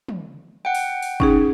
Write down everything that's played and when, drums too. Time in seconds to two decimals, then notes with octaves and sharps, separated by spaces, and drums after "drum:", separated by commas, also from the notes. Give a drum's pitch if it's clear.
0.08 drum: tom
0.65 F#5 G5
0.75 drum: open hi-hat
1.03 drum: open hi-hat
1.20 C#4 D#4 G#4, drum: kick